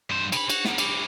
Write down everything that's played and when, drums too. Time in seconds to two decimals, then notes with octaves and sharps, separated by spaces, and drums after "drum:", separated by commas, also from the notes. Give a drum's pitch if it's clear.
0.10 G2 C5
0.32 B2 B5, drum: cymbal
0.50 F#4, drum: cymbal
0.65 A#3 B3, drum: snare
0.78 E4 G4, drum: cymbal